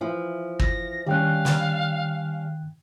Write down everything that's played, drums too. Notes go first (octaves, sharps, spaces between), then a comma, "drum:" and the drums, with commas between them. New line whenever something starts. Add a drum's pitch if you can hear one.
E3 F3
A#6, drum: kick
D#3 G3 C#4 F5 G5 F#6
drum: snare